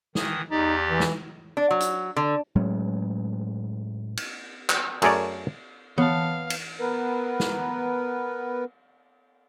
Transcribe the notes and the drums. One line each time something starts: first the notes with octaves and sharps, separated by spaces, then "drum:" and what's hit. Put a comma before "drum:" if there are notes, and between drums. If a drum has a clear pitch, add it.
D#3 E3 D#6, drum: snare
E2 D#4 G4 D5
E3
drum: snare
D4
F#3
drum: hi-hat
D3
A2 F#3 G#3 C#4
drum: cymbal
drum: clap
F#2 A3 G#4 A#4 C#5 D5, drum: cymbal
B3 C#5 F5 A5, drum: tom E3
drum: cymbal
B3 A#4 B4
drum: snare